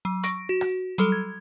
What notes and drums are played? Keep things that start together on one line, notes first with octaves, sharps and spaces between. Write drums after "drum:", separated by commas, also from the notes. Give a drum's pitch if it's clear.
F#3
C#6 A#6 D7, drum: hi-hat
F#4
drum: rim click
F#3 G3 A4, drum: hi-hat
G#6